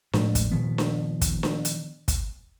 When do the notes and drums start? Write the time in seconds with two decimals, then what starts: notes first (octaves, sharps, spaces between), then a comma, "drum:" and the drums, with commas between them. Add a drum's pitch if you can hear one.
0.13 A2 F3 G#3 A3, drum: snare D4
0.35 drum: kick, hi-hat
0.51 A#2 D#3 F3 B3
0.78 drum: snare D4
1.21 drum: kick, hi-hat
1.43 drum: snare D4
1.65 drum: hi-hat
2.08 drum: kick, hi-hat